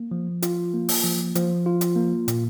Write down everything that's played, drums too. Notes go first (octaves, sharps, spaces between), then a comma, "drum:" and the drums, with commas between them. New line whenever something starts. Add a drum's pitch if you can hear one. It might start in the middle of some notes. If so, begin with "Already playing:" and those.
Already playing: A#3
F3
F4, drum: hi-hat
A#3
drum: open hi-hat
F3
F3, drum: hi-hat
F4
drum: hi-hat
A#3
A#2, drum: hi-hat